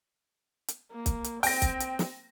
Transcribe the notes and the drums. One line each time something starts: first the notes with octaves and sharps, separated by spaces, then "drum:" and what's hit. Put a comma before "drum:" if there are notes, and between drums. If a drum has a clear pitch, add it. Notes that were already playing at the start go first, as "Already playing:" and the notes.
drum: hi-hat
A#3
drum: kick, hi-hat
drum: hi-hat
C4 G5 A#6, drum: open hi-hat
drum: kick, hi-hat
drum: hi-hat
drum: snare